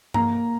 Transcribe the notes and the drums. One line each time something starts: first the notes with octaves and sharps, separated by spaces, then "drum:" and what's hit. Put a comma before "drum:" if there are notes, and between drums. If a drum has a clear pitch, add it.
A#3 A#5, drum: tom G2